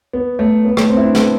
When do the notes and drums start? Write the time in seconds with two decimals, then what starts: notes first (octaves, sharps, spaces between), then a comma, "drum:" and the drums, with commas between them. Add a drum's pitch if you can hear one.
0.13 B3
0.39 A3
0.65 B3
0.77 A3, drum: rim click
0.90 C4
0.97 E4
1.02 D4
1.15 B3, drum: snare